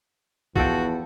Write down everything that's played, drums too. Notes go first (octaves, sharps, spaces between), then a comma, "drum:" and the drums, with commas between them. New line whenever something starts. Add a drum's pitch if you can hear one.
E2 F3 F#4 A4 G5, drum: kick